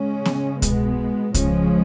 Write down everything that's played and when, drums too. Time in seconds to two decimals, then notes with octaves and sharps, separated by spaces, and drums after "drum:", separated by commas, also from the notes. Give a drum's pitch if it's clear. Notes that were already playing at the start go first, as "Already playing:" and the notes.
Already playing: C#3 G#3 C#4
0.25 drum: snare B3
0.62 B2 G#3 B3, drum: kick C2, hi-hat
1.34 C#3 F3 G#3 C#4, drum: kick C2, hi-hat